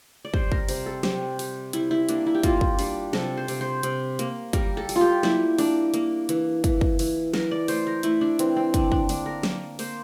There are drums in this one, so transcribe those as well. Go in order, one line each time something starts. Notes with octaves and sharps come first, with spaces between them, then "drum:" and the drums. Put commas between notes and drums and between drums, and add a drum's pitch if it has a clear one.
D5
G3 C5, drum: kick
A#4, drum: kick
C3 C5, drum: open hi-hat
A4
C3 G4, drum: snare
G3, drum: open hi-hat
G3 E4, drum: hi-hat
E4
A#3 D4, drum: hi-hat
E4
G4
A#3 F4, drum: kick, hi-hat
drum: kick
G3 D4, drum: open hi-hat
C3 A4, drum: snare
C5
C3, drum: open hi-hat
C5
C3, drum: hi-hat
A#3, drum: hi-hat
G3 A#4, drum: kick, hi-hat
A4
G3, drum: open hi-hat
F4
G4
A#3 E4, drum: snare
A#3 D4, drum: open hi-hat
A#3, drum: hi-hat
E3, drum: hi-hat
E3, drum: kick, hi-hat
drum: kick
E3, drum: open hi-hat
E3 A#4, drum: snare
D5
A3 C5, drum: open hi-hat
A#4
A3 E4, drum: hi-hat
D4
E3 C4, drum: hi-hat
C4
D3 D4, drum: kick, hi-hat
D4, drum: kick
A#3 D4, drum: open hi-hat
A#4
A#3, drum: snare
A#3 C5, drum: open hi-hat